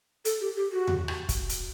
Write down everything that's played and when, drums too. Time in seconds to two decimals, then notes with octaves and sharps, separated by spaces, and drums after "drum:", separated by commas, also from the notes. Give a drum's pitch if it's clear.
0.25 A4, drum: hi-hat
0.41 G4
0.57 G4
0.72 F#4
0.87 drum: tom E2
1.08 drum: rim click
1.29 drum: kick, hi-hat
1.49 drum: hi-hat